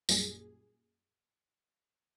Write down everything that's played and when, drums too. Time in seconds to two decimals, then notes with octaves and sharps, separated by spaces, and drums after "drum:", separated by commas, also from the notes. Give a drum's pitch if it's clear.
0.09 A#1 F#2 A#2 G3 G#4, drum: tambourine